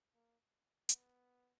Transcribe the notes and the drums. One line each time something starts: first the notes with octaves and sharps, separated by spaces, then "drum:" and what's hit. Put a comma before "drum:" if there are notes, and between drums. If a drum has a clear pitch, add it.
A#3
B3, drum: hi-hat